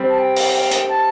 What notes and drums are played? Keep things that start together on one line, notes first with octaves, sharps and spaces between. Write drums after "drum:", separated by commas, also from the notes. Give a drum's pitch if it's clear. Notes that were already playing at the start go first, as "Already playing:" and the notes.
Already playing: G3 C4 G4
A5
G5
drum: open hi-hat
G5
drum: hi-hat
A5